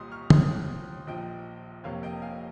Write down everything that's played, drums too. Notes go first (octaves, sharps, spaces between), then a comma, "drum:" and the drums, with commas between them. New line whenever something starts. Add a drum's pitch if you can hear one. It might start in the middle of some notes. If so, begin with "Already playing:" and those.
Already playing: C2 A#2 G3 D#5 C6 D#6
C#6 F6
D#2 C#3 F3 G#3 C6 D#6, drum: tom
A#1 A#2 F3 D#5 G5
F1 F2 C3 F3 A#3 C#5 F5
D#5 G5
F5 G#5